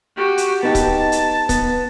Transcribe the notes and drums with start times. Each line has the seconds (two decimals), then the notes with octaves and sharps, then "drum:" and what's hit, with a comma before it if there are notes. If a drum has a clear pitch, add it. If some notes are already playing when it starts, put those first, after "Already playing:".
0.17 F#4 G4
0.38 drum: hi-hat
0.63 B3 D#4 G4 A5
0.75 drum: kick C#1, hi-hat
1.12 drum: hi-hat
1.49 B3, drum: kick C#1, hi-hat